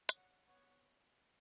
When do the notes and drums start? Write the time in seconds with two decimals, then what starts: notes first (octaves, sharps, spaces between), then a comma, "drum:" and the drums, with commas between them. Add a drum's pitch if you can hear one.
0.09 C#5 F#5, drum: hi-hat
0.45 B3 C#5 F#5